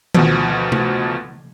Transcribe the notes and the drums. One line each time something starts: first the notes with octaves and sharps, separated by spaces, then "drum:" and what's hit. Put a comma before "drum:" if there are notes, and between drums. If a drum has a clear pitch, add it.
D2 B2 F3, drum: tom D#3
drum: tom C3